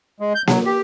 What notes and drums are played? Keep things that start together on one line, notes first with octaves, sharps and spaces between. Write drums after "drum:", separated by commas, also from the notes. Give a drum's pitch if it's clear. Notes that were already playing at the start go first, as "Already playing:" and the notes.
G#3
G6
F#3, drum: snare A#3
G4